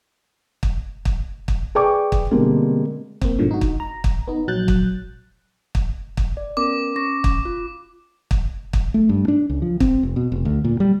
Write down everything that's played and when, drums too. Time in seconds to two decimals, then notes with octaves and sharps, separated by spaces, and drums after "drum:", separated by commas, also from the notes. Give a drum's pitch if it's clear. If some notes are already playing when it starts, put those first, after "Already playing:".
0.63 drum: kick
1.05 drum: kick
1.48 drum: kick
1.75 G#4 B4 D5 G5 C#6 D6
2.12 drum: kick
2.31 B2 D3 G3 G#3 A#3 C4
3.21 A#3 C4, drum: kick
3.39 G#2 B2 D3 F3
3.51 D#4 F#4
3.61 drum: kick
3.80 A#5
4.04 drum: kick
4.28 B3 D#4
4.48 A#1 F#3 F#6 G6 A6
4.68 drum: kick
5.75 drum: kick
6.17 drum: kick
6.37 D5
6.57 B3 C#4 A#4 D6
6.96 C#4 C#6 A#6
7.24 drum: kick
7.45 F4
8.31 drum: kick
8.73 drum: kick
8.94 A3
9.09 G2
9.28 D4
9.50 C#2
9.62 F3
9.80 C4, drum: kick
10.03 F1
10.16 B2
10.32 F1
10.45 D2
10.64 A#2
10.80 G3